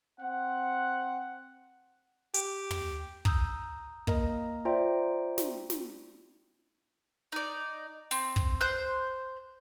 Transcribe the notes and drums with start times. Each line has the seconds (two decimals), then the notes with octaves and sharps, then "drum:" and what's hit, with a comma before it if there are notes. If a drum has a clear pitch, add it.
0.19 C4 F#5
2.34 G4, drum: hi-hat
2.71 drum: tom
3.25 A#5 D#6 E6 G6, drum: kick
4.07 A#3 A#4 D#5 A#5, drum: kick
4.65 F4 C5 D5 E5 G5 A#5
5.38 drum: snare
5.70 drum: snare
7.32 D#4 D5
8.11 C4, drum: open hi-hat
8.36 drum: kick
8.61 C5 C6 F#6 G6